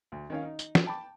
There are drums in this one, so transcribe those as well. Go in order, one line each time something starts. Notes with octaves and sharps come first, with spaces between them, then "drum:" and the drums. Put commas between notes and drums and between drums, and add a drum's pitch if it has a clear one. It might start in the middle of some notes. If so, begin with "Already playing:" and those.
D2
D#3 C#4 F5
D#4
drum: tambourine
drum: snare
G5 A5 B5 D6